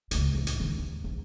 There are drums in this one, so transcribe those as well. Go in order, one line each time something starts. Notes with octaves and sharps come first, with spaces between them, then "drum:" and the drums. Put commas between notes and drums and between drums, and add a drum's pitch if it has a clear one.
C#2 A#2, drum: hi-hat
E2 A2
drum: hi-hat
G1 D#3
D#2
A#1 E2